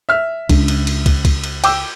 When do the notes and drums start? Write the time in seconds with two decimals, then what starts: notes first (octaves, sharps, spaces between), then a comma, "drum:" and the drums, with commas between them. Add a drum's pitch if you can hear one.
0.09 E5 F6
0.49 C#2 D4, drum: kick, cymbal
0.68 drum: cymbal
0.87 drum: cymbal
1.06 drum: kick, cymbal
1.25 drum: kick, cymbal
1.44 drum: cymbal
1.64 G5 D6 E6, drum: cymbal